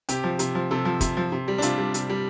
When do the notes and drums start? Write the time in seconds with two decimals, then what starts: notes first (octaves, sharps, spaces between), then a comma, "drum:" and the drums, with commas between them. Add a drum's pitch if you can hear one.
0.09 C3 G4, drum: hi-hat
0.24 F3
0.39 C3, drum: hi-hat
0.55 F3
0.71 C3 A4
0.85 F3
1.01 C3, drum: kick, hi-hat
1.17 F3
1.32 C3
1.48 G3
1.58 D4
1.62 C3 F4, drum: hi-hat
1.78 G3
1.94 C3, drum: hi-hat
2.09 G3